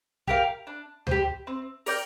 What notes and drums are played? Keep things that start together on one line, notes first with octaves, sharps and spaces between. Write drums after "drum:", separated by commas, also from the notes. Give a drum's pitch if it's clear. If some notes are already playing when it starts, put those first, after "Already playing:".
G4 A#4 F5, drum: kick
D4
G4 C5, drum: tom D2
C4
A#4 D5 G5, drum: open hi-hat